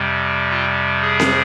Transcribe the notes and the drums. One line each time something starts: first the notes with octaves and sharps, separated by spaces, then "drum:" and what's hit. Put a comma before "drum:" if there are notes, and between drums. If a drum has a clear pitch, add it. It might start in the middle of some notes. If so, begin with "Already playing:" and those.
Already playing: F2 C3 G3
F4
G#4
drum: snare C4